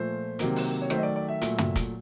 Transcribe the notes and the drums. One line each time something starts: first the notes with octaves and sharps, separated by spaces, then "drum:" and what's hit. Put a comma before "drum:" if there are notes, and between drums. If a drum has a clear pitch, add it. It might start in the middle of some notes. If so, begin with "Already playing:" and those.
Already playing: A#2 F3 A3 C5
C3 D#3 F#3 A#3, drum: hi-hat
drum: open hi-hat
C#5
D#3 F#3 A3 C5, drum: rim click
D#5
D5
D5
E5
A#2 F#3 A3, drum: hi-hat
drum: tom
drum: kick, hi-hat